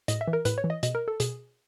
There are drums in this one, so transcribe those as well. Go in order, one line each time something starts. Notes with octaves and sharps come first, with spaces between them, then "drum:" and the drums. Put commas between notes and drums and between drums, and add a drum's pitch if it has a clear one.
A2 D#5, drum: hi-hat
E5
E3
A#4
A2 B4, drum: hi-hat
C#5
E3
D#5
B2 D#5, drum: hi-hat
A#4
A4
B2 G#4, drum: hi-hat